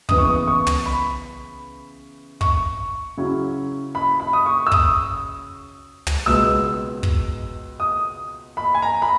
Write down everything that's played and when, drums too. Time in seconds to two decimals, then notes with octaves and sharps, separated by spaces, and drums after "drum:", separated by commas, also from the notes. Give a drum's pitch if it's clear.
0.09 C#3 E3 B3 D#6, drum: kick
0.18 C#6
0.28 D#6
0.47 C#6
0.67 drum: tom
0.86 B5
2.41 C#6, drum: kick
3.17 C#3 F#3 C#4 E4
3.95 B5
4.20 B5
4.33 D#6
4.46 C#6
4.67 E6
4.72 D#6, drum: kick
6.07 drum: tom
6.26 C#2 B2 G#3 B3 E6
7.03 drum: kick
7.80 D#6
8.57 B5
8.75 G#5
8.82 A#5
9.02 B5